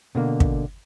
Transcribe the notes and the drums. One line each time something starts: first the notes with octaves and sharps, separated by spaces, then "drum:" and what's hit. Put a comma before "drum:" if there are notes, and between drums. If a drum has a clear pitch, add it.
B2 D3 A#3
drum: kick